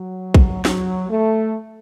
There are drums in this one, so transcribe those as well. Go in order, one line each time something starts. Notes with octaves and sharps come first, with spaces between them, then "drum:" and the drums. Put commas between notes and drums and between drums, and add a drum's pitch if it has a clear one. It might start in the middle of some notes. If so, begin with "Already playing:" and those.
Already playing: F#3
drum: kick
F#3, drum: snare
A3